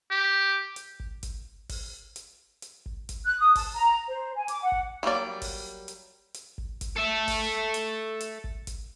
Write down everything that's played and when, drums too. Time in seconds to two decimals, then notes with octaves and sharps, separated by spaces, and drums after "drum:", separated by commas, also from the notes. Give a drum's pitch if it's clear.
0.11 G4
0.76 drum: hi-hat
1.00 drum: kick G1
1.23 drum: kick G1, hi-hat
1.69 drum: kick G1, open hi-hat
2.16 drum: hi-hat
2.62 drum: hi-hat
2.86 drum: kick G1
3.09 drum: kick G1, hi-hat
3.25 F#6
3.39 D#6
3.55 A5, drum: kick G1, open hi-hat
3.75 A#5
4.07 C5
4.35 G#5
4.48 D6, drum: hi-hat
4.62 F#5
4.72 drum: kick G1
5.03 D#3 F#3 G3 A#3 D5
5.42 drum: kick G1, open hi-hat
5.88 drum: hi-hat
6.35 drum: hi-hat
6.58 drum: kick G1
6.81 drum: kick G1, hi-hat
6.97 A4 E5
7.28 drum: kick G1, open hi-hat
7.74 drum: hi-hat
8.21 drum: hi-hat
8.44 drum: kick G1
8.67 drum: kick G1, hi-hat